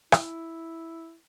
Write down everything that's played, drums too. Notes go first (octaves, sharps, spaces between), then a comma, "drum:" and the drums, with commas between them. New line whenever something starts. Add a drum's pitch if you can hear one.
E4, drum: rim click